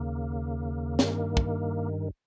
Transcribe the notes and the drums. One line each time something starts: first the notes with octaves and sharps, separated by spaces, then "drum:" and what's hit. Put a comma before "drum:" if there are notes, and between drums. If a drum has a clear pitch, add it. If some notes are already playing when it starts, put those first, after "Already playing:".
Already playing: D#2 C#3 A#3
G2 D#3, drum: snare
drum: kick